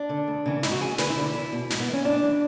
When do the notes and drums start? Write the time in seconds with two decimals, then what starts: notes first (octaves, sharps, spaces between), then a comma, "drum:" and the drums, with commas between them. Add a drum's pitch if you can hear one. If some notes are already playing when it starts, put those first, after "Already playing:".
Already playing: D4
0.09 D3
0.28 D2
0.46 C#3 E3
0.63 G#2 E4, drum: snare
0.71 F#4
0.81 E3 G#4
0.98 D2 B4, drum: snare
1.10 E4
1.16 D3
1.23 E4
1.34 E2
1.53 B2
1.70 G#2, drum: snare
1.80 B3
1.88 E3
1.93 C#4
2.05 G#2 D4
2.23 E3